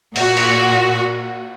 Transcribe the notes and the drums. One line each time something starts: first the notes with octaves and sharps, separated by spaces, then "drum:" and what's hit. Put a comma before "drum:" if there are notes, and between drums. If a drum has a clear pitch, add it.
A#2 F#4, drum: open hi-hat
drum: cymbal